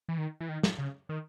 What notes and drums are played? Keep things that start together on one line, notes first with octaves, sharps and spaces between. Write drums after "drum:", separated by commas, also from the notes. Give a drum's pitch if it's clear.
E3
D#3
E3
D#3
drum: snare
C#3
D#3